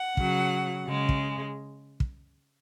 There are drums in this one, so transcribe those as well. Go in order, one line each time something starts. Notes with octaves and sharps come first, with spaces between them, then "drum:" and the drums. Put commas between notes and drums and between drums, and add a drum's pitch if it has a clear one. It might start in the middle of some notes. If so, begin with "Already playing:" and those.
Already playing: F#5
C#3 F#3, drum: kick
C#3 G#3
drum: kick
drum: kick